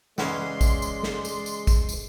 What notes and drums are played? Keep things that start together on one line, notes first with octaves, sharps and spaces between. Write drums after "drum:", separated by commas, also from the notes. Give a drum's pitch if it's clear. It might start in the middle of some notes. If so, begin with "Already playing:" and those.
C#3 E3 G#3 C#4 D5 F#5 C6, drum: snare
drum: kick, tambourine
drum: tambourine
drum: snare
drum: tambourine
drum: tambourine
drum: kick, tambourine
drum: tambourine